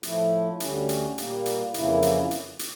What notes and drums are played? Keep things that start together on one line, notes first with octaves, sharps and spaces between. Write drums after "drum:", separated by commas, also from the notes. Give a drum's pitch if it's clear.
A2 F3 A3 E4, drum: hi-hat
D2 D3 G3 C#4, drum: hi-hat
drum: hi-hat
A#2 G3 A#3, drum: hi-hat
drum: hi-hat
F2 C#3 E3 A#3 E4, drum: hi-hat
drum: hi-hat
drum: hi-hat
drum: hi-hat